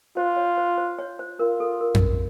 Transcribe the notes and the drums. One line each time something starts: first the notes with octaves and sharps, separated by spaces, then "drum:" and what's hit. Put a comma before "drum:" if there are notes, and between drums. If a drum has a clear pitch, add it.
F4 C5
C#5
C5
C5
C#5
C5
F4 A#4
A4
A#4
drum: tom F2